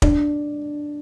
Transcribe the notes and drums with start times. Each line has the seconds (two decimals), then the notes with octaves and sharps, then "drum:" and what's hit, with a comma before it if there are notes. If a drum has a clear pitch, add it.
0.02 D4, drum: kick